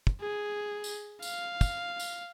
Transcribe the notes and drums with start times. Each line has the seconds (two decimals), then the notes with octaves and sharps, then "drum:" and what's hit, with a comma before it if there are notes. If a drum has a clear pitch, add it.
0.07 drum: kick
0.21 G#4
0.84 drum: tambourine
1.22 F5, drum: tambourine
1.61 drum: kick, tambourine
2.00 drum: tambourine